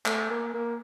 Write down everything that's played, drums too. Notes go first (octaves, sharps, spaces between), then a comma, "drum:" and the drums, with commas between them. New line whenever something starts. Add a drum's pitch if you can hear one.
A3, drum: clap
A#3
A#3